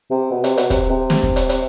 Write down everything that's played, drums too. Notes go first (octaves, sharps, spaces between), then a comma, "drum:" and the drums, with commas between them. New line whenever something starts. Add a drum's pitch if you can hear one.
C3
B2
C3, drum: hi-hat
B2, drum: hi-hat
C3, drum: kick, hi-hat
C3
drum: snare
drum: kick
drum: hi-hat
drum: hi-hat